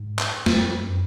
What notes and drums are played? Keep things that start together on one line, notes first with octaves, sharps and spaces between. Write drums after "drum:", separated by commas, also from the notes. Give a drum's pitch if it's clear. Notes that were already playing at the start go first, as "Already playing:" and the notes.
Already playing: G#2
drum: clap
F2, drum: snare
F#2